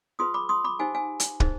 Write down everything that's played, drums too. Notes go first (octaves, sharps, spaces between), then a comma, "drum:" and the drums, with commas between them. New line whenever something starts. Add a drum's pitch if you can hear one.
F4 G#4 B4 C6 D#6
B5 D6
C6 D#6
B5 D6
D#4 G4 C5 F5 G#5
F5 G#5
drum: hi-hat
D#4 G#4 C5, drum: kick